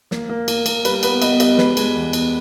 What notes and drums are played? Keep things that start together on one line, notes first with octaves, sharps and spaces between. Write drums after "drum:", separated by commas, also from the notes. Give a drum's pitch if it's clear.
A#3, drum: snare
A#3
A#3, drum: cymbal
A#3, drum: cymbal
G3 B4, drum: cymbal
B3 B4, drum: cymbal
B3 D#5, drum: cymbal
G3 D#5, drum: cymbal
G#3 B4, drum: snare
G#3, drum: cymbal
E2
E2, drum: cymbal